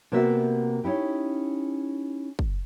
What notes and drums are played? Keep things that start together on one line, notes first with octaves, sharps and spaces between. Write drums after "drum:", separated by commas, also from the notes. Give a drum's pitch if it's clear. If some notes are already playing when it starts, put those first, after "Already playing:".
C3 A#3 B3 F#4 E5
C#4 D#4 E4 G4
drum: kick